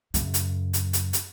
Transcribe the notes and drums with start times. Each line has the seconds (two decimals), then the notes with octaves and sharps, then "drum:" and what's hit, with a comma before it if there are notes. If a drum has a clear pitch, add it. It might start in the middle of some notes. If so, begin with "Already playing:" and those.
0.14 F#2 C#3, drum: hi-hat
0.34 drum: hi-hat
0.73 drum: hi-hat
0.93 drum: hi-hat
1.13 drum: hi-hat